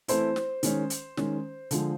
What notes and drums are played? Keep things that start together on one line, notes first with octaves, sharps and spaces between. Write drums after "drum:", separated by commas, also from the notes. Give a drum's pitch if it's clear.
E3 A3 C4 E4 C5, drum: hi-hat
drum: snare
D#3 G#3 C#4, drum: hi-hat
drum: hi-hat
D#3 G#3 C#4, drum: snare
D3 F3 G#3, drum: hi-hat